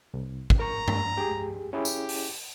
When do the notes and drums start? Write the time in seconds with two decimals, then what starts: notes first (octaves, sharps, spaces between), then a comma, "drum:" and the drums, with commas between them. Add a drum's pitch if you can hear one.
0.14 C2
0.50 drum: kick
0.59 A#4 A#5 C#6
0.88 drum: tom G2
1.18 G4 G#4
1.73 C#4 E4 G4 G#4
1.85 drum: tambourine
2.09 drum: open hi-hat